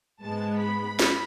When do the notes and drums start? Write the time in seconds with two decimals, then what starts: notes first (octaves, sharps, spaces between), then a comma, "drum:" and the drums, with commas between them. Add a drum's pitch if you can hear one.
0.22 G#2 G#3 B3 A5
0.59 B5
0.99 drum: snare